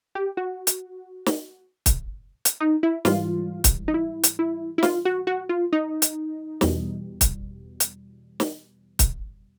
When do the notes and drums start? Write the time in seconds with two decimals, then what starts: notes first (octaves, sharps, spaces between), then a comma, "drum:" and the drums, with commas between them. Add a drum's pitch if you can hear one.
0.15 G4
0.37 F#4
0.67 drum: hi-hat
1.26 drum: snare
1.86 drum: kick C#1, hi-hat
2.45 drum: hi-hat
2.60 D#4
2.83 E4
3.05 G#2 E3 G3 F4, drum: snare
3.64 drum: kick C#1, hi-hat
3.88 D#4
3.94 E4
4.24 drum: hi-hat
4.39 E4
4.78 E4
4.83 F4, drum: snare
5.05 F#4
5.27 F#4
5.49 F4
5.73 D#4
6.02 drum: hi-hat
6.61 E2 B2 G3, drum: snare
7.21 drum: kick C#1, hi-hat
7.80 drum: hi-hat
8.40 drum: snare
8.99 drum: kick C#1, hi-hat